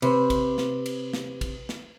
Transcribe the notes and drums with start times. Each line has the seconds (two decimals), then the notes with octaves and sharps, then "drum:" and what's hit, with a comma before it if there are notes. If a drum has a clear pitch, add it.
0.02 C3 B4 C5, drum: cymbal
0.30 drum: kick, cymbal
0.58 drum: snare
0.86 drum: cymbal
1.13 drum: snare
1.41 drum: kick, cymbal
1.69 drum: snare